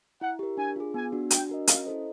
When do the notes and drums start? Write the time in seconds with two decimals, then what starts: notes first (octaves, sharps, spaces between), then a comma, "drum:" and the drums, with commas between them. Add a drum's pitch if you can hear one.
0.21 E4 F#5
0.39 G4 A#4
0.57 D4 G#5
0.76 F4 G#4
0.94 B3 G#5
1.12 D4 F#4
1.30 D4 G5, drum: hi-hat
1.49 F#4 A#4 D#5
1.67 C#4 F5, drum: hi-hat
1.85 E4 A4 C5 D#5